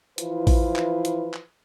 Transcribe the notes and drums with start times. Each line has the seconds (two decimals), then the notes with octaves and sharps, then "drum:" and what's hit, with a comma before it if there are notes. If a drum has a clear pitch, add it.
0.18 E3 F3 E4 F4 B4 C5, drum: hi-hat
0.47 drum: kick A1, open hi-hat
0.76 drum: clap
1.05 drum: hi-hat
1.34 drum: clap